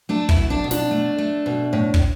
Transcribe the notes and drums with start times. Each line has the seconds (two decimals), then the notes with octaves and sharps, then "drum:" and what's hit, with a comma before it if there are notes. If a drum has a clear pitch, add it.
0.09 A3 D4
0.29 E4, drum: kick
0.36 B2
0.50 D4
0.64 B2
0.71 D4, drum: snare
0.91 A3
1.18 A3
1.46 B2
1.73 A2
1.94 drum: kick